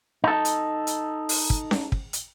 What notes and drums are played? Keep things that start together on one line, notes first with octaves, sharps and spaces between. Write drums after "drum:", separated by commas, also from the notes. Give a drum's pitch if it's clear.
D#4 A4
drum: hi-hat
drum: hi-hat
drum: open hi-hat
drum: kick
drum: snare C#4
drum: kick
drum: hi-hat